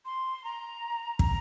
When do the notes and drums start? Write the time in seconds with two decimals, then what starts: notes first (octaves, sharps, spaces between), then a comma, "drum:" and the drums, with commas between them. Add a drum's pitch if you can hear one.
0.05 C6
0.44 A#5
1.19 A#5, drum: kick